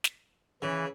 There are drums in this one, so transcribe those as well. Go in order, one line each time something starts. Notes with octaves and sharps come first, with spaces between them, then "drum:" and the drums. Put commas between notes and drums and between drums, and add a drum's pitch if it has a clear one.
drum: snare
C#3 E3